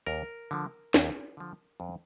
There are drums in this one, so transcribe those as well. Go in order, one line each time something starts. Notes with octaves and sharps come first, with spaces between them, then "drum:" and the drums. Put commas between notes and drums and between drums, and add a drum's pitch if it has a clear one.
D#2 A#4
D3 F3
D#2, drum: snare
D3 F3
F2